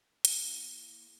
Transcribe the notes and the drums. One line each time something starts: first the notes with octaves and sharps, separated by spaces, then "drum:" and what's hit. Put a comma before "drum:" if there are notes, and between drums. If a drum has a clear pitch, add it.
A#3 E4 G#4 F5, drum: hi-hat